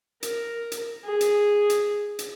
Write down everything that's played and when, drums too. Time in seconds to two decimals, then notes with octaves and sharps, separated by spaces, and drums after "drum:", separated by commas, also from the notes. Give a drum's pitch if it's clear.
0.23 A#4, drum: hi-hat
0.72 drum: hi-hat
1.04 G#4
1.21 drum: hi-hat
1.70 drum: hi-hat
2.19 drum: hi-hat